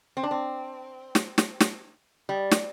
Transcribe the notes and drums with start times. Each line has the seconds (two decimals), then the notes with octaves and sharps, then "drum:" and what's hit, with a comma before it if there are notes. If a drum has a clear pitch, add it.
0.17 C4
0.23 D4
0.31 C4
1.15 drum: snare
1.38 drum: snare
1.61 drum: snare
2.29 G3
2.52 drum: snare